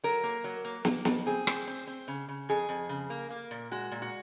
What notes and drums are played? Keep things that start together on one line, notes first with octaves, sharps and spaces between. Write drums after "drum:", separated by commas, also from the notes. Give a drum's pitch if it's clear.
F#3 A#4
A#3
F#3
A#3
A#3, drum: snare
F2, drum: snare
C4 G#4
C4, drum: rim click
C4
C4
C#3
C#3
F2 G#4
F2
C#3
A#3
A#3
A#2
G#3 F#4
A#2
F#4